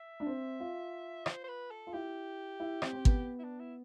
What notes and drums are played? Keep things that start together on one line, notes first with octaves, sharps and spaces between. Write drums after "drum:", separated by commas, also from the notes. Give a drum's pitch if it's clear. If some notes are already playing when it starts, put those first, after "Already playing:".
Already playing: E5
D4
C4
F4
C5, drum: rim click
C5
B4
A4
F4
E4 G4
E4
C4, drum: rim click
C4
B3, drum: kick
E4
D4
E4